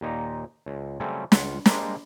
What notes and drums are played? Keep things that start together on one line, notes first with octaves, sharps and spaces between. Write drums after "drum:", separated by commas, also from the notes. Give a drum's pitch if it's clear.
D#2 A#2 D#4 A#5
C#2
C#3 F#3 G3 A3 C4 C#4
C#2 F4 F5 F#5, drum: snare
G3 G#3 A#3 D4 A#4 C5, drum: snare